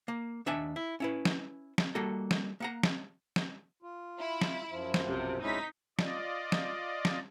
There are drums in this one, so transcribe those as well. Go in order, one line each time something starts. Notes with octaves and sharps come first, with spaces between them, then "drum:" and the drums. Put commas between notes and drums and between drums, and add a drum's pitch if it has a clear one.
A#3
D#2 D4 E5 G#5
E4
C#4 E4 B4
drum: snare
drum: snare
G3 A#3 F#4 A4 A#5
drum: snare
A#3 F#5 A#5
drum: snare
drum: snare
F4
E4
drum: snare
F#2 F3 F4
drum: snare
B1 C3
G#3 C#4 D#4 E4 B6
F4 D5 D#5, drum: snare
drum: snare
drum: snare